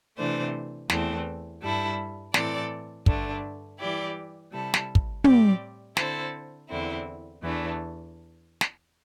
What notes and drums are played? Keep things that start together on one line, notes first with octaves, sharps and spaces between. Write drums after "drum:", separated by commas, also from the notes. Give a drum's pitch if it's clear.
C3 E3 A3 D4 C5
E2 E3 A3 C4 A4, drum: snare
G2 G3 E4 A4
A2 E3 C4 A4 D5, drum: snare
G2 D3 A3 D4, drum: kick
E3 G3 E4 G4 D5
C3 G3 E4 A4
drum: snare
drum: kick
A2 G3 C4 G4 D5, drum: tom
D3 C4 E4 A4 C5, drum: snare
E2 D3 C4 E4
E2 E3 A3 D4
drum: snare